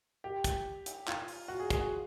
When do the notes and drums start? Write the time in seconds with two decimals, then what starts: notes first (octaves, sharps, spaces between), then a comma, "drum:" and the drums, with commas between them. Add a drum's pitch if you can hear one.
0.24 G4
0.44 drum: kick, hi-hat
0.86 drum: hi-hat
1.08 F4, drum: clap
1.28 drum: open hi-hat
1.48 F#4
1.60 G#4
1.70 G#4, drum: kick, hi-hat
1.80 F#4